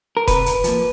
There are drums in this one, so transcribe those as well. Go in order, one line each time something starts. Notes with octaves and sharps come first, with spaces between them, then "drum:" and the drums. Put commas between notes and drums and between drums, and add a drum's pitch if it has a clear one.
A#4
C3 B4, drum: kick E1, hi-hat
drum: hi-hat
F3 A#3, drum: hi-hat